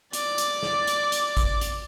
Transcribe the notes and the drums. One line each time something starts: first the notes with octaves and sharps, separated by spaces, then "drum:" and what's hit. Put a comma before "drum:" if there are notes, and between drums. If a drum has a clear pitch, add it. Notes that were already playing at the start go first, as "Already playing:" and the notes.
D5 D6, drum: hi-hat
drum: hi-hat
drum: snare
drum: hi-hat
drum: hi-hat
drum: kick, hi-hat
drum: hi-hat